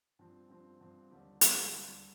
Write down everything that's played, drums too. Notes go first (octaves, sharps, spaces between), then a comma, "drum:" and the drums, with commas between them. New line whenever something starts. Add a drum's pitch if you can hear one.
G2 F3 C4
G2 F3 C4
G2 F3 C4
D#2 D3 G3
D#2 D3 G3, drum: hi-hat
D#2 D3 G3